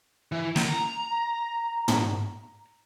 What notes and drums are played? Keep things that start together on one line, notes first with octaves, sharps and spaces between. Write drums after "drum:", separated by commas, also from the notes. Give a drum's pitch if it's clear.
E3
A#5, drum: snare
drum: tom